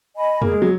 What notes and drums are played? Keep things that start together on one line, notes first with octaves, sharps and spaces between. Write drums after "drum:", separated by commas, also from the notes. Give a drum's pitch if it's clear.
D#5 G#5 B5
A#3 G#4, drum: tom F2
G#3
F#3